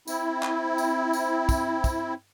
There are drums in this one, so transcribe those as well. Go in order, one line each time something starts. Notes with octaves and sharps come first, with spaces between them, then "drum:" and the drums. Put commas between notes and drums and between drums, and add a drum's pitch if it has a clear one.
C4 E4, drum: tambourine
drum: clap
drum: tambourine
drum: tambourine
drum: kick, tambourine
drum: kick, tambourine